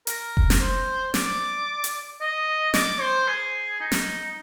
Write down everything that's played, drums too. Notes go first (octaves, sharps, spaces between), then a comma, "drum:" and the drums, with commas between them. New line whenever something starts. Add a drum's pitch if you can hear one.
A#4, drum: hi-hat
drum: kick F1
drum: snare
C5
D5, drum: snare
drum: hi-hat
D#5
D5, drum: snare
C5
G#4
D#4
drum: snare